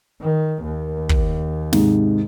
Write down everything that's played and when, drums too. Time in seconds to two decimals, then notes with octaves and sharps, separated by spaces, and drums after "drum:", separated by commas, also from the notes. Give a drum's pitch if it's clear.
0.21 D#3
0.63 D#2
1.09 drum: kick
1.73 G#2 C3, drum: snare